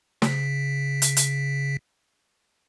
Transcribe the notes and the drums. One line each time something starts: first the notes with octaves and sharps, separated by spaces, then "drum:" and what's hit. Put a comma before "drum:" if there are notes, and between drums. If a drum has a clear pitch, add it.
C#3 B6, drum: snare
drum: hi-hat
drum: hi-hat